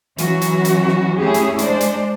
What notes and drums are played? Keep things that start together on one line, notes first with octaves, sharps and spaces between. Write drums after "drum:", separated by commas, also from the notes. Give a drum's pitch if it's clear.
E3 F#3 C#4 F#4, drum: hi-hat
drum: hi-hat
drum: hi-hat
drum: snare
A3 C#4 E4 G4 G#4
drum: hi-hat
G#3 D4 C5 D5, drum: hi-hat
drum: hi-hat